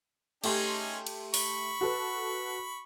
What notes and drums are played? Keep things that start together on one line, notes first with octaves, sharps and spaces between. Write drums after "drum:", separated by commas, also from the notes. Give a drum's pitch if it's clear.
A3 C#4 D#4 G4 G#4 C6, drum: cymbal
drum: cymbal
B5 C#6, drum: open hi-hat
F#4 A4 B4